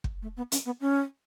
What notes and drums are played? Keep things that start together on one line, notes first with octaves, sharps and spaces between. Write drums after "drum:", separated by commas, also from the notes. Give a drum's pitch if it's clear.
drum: kick
A3
B3
C#4, drum: hi-hat
B3
C#4